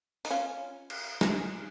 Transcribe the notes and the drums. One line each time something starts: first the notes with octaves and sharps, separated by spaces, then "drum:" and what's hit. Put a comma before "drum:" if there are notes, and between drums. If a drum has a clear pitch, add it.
D#4, drum: open hi-hat
C#4 F4
drum: cymbal
D#4 G#4, drum: snare